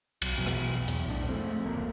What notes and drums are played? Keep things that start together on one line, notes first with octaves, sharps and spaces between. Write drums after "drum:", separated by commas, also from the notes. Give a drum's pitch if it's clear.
B1, drum: cymbal
A#1 E2 B2 F#3
drum: rim click
E2, drum: hi-hat
B1 A2 D4
F3 G#3 A3 C4
F#1 D2 A#3